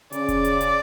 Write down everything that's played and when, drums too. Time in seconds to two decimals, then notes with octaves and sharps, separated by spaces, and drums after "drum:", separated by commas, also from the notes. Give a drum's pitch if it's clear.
0.12 C#3 D5, drum: hi-hat
0.28 drum: kick E1, hi-hat
0.45 drum: hi-hat
0.61 drum: hi-hat